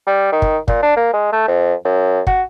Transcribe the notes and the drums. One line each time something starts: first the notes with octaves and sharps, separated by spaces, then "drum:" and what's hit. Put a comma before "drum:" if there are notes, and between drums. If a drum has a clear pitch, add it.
G3
D#3
drum: kick
A#2, drum: kick
D4
A#3
G#3
A3
F2
F#2
F#4, drum: kick